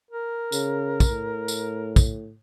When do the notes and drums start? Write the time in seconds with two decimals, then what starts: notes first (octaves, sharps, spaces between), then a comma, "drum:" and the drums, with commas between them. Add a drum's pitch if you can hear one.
0.11 A#4
0.52 C#3, drum: tambourine
1.00 drum: kick, tambourine
1.11 A2
1.48 drum: tambourine
1.96 drum: kick, tambourine